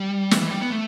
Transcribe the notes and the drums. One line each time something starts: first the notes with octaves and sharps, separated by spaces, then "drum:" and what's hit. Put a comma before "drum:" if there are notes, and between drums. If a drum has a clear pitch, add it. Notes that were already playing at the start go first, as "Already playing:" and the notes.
Already playing: G3
E3, drum: snare
E3
G3
B3
A3